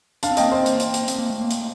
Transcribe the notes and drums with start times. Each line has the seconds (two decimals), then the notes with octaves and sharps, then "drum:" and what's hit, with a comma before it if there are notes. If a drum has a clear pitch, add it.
0.23 D4 F5 A5, drum: hi-hat
0.31 C4
0.37 A#3 D#5 G5, drum: hi-hat
0.48 C4 C5
0.66 A#3, drum: hi-hat
0.80 drum: hi-hat
0.94 drum: hi-hat
1.08 C4, drum: hi-hat
1.19 A#3
1.30 A3
1.41 A#3
1.51 drum: hi-hat